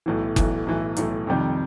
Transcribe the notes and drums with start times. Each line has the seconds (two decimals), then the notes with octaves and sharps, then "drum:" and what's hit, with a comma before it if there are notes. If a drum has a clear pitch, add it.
0.06 B1 A2 E3
0.36 B1 A2 E3, drum: kick F#1, hi-hat
0.66 B1 A2 E3
0.96 B1 A2 E3, drum: hi-hat
1.27 F2 C3 D#3 G3